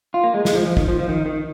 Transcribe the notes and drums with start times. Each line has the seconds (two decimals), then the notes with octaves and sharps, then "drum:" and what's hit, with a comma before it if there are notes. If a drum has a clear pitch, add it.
0.14 F4
0.24 A#3
0.34 G#3
0.45 G#3, drum: snare
0.55 F3
0.66 F3
0.77 D#3, drum: kick
0.88 F3
0.99 F3
1.09 D#3
1.26 D#3